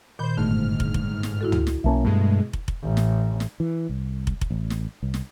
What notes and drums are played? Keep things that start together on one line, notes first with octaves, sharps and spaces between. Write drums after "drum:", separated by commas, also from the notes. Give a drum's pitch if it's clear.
A#2 D#3 C5 B5 G6
G1 G#2 D3 A3 F6
drum: kick
drum: kick
drum: snare
E4 F#4 A4
drum: tom
drum: snare
B1 A#3 C#4 E5 A5
G2 B2 G#3 A3
drum: kick
drum: kick
A1
drum: snare
drum: snare
E3
C2
drum: kick
drum: kick
A1
drum: snare
C2
drum: snare